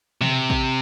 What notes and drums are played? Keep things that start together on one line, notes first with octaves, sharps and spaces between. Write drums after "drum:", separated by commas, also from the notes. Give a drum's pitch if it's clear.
C3, drum: tom
drum: kick A1